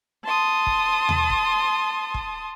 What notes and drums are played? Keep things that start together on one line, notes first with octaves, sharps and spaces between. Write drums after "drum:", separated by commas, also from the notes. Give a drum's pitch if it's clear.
A5 C6 D#6
drum: kick
drum: tom D#2
drum: kick
drum: kick